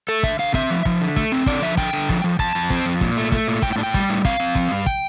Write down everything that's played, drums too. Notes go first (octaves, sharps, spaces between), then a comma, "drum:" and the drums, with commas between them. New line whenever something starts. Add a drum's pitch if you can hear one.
A3 A4
D3 E5, drum: kick
D3 F5
C4 E5, drum: kick
F3
F3, drum: kick
D3
A3, drum: kick
C4
D3 D5, drum: kick
F3 E5
D3 G5, drum: kick
D3
F3, drum: kick
F3
F2 A5, drum: kick
F2
C4, drum: kick
F2
A#2, drum: kick
A3
A3, drum: kick
A#2
A2 G5, drum: kick
G5
D4
G5
G3, drum: kick
A2
C4 F5, drum: kick
C4
F3, drum: kick
G2
G5, drum: kick